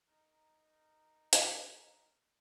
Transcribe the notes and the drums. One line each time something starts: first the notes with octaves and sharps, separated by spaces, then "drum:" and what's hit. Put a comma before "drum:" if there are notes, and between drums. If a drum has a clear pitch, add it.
D#4 A#4
drum: hi-hat